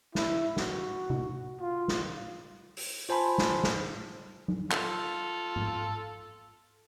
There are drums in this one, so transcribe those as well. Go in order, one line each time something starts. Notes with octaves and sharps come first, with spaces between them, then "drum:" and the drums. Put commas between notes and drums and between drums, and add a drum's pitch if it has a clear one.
E4, drum: snare
F#4, drum: snare
drum: tom C3
F4
drum: snare
drum: open hi-hat
F4 C5 G#5 A5 B5 C6
drum: snare
drum: snare
drum: tom F#3
F4 A4, drum: clap
drum: tom G#2